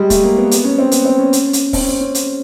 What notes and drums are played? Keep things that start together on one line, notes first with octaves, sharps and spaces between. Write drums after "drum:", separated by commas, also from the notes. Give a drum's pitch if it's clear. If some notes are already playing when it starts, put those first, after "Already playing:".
Already playing: G3 G#3
A3, drum: kick, hi-hat
A#3
B3
B3, drum: hi-hat
C#4
C4
B3, drum: hi-hat
C4
C#4
drum: hi-hat
drum: hi-hat
C4, drum: kick, open hi-hat
C#4
C4
C#4
drum: hi-hat